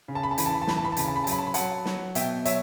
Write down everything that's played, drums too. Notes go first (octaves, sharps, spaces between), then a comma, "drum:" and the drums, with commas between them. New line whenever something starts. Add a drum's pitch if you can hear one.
C#3
A5
B5
A5
E3 B5, drum: hi-hat
A5
B5
A5
E3 B5, drum: snare
A5
B5
A5
C#3 B5, drum: hi-hat
A5
B5
A5
F#3 B5, drum: hi-hat
A5
B5
F#3 F#5 A5, drum: hi-hat
F#3, drum: snare
B2 E5 G5, drum: hi-hat
F#3 C#5 E5, drum: hi-hat